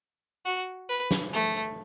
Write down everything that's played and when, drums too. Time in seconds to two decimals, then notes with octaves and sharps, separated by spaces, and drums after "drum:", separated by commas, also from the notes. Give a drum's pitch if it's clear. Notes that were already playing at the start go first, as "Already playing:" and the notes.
0.45 F#4
0.89 B4
1.11 drum: snare
1.33 A3